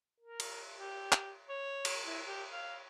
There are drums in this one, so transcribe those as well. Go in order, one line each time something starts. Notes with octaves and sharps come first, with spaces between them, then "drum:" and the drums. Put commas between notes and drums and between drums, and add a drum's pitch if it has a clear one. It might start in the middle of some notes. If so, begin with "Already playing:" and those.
A#4
drum: cymbal
G4
drum: clap
C#5
drum: cymbal
E4
G4
F5